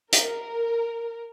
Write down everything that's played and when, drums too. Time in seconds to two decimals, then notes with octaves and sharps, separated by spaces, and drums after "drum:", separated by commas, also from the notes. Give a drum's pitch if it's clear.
0.12 A#4, drum: hi-hat